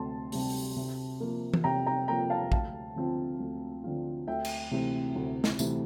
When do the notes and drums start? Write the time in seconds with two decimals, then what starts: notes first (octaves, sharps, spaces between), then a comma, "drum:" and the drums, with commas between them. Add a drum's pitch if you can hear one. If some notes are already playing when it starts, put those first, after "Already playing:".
Already playing: D2 C3 C4 A5 C6
0.32 C3 G3 C4, drum: open hi-hat
0.50 drum: open hi-hat
0.76 C3
1.20 F3 A#3
1.54 drum: tom E3
1.64 C3 G5 A#5
1.87 G5 A#5
2.08 F3 A#3 G5 A#5
2.30 F5 A5
2.52 D2 F5 A5, drum: kick
2.96 D3 F3 C4 F4
3.39 D2
3.84 D3 F3 C4 F4
4.27 D2 E5 G5
4.45 drum: cymbal
4.71 C3 E3 A3 C4
5.15 D2
5.44 drum: snare
5.59 C3 E3 A3 C4, drum: tambourine